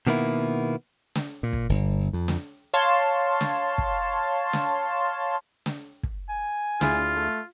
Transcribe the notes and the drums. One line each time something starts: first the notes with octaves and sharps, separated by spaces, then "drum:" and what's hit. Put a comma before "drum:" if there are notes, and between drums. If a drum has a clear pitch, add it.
B2 D#3 A#3 B3 E4
drum: snare
A#2
drum: kick
G1
F2
drum: snare
C#5 F5 A5 C6
drum: snare
drum: kick
drum: snare
drum: snare
drum: kick
G#5
D2 E4 F4 G#4, drum: snare
A3